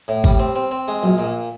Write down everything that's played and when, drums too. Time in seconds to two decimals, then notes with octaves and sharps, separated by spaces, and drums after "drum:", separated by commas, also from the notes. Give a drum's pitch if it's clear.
0.08 A2
0.24 G3, drum: kick G#1
0.39 C4
0.55 C4
0.71 C4
0.88 G#3
1.03 A#1 F#3
1.18 A#2